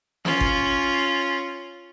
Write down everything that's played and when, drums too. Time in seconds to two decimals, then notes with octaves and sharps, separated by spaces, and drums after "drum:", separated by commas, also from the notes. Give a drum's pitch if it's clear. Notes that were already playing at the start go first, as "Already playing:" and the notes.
0.25 C#4 F4, drum: snare
0.41 drum: kick G1